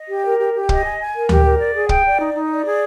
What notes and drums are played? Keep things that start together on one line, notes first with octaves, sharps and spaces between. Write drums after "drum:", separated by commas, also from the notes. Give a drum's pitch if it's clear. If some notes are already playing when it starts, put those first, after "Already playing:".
Already playing: D#5
G4
A#4
G4
G4
D#5, drum: kick
G#5
G#5
A#4
G4, drum: tom D2
A#4
D5
G#4
G5, drum: kick
D5
D#4
D#4
D5
G#4